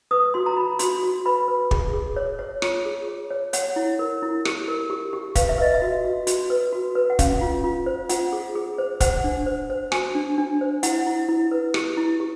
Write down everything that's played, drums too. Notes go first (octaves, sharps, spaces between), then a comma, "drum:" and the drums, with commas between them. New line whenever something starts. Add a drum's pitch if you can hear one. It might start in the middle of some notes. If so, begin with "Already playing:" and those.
B4 D#6
F#4 C6
A#5
F#4 B5
F#4 C6, drum: hi-hat
F#4
B4 B5
B4
G#4, drum: kick
G#4
C#5
C#5
F4, drum: rim click
G#4
C#5
C#5
C#5 F#5, drum: hi-hat
E4
A#4
E4
G4, drum: rim click
A#4
G4
G4
B4 F5, drum: kick, hi-hat
E5
B4 D#5
E5
F#4
F#4
F#4, drum: hi-hat
B4
F#4
B4
F#5
C#4 F5, drum: kick, hi-hat
F4
F4
C5
F4 F#5, drum: hi-hat
G#4
G#4
C5
C5 F#5, drum: kick, hi-hat
D4
C5
C5
F#4 G#5, drum: rim click
D4
D4
C5
E4 F#5, drum: hi-hat
E4
E4
B4
G4, drum: rim click
E4
G4